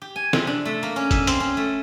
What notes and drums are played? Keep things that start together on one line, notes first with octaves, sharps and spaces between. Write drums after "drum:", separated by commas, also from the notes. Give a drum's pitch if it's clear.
G4
G#5
C3, drum: snare
D4
A3
A#3
C#4
E5, drum: kick, hi-hat
C4, drum: hi-hat
C#4
A3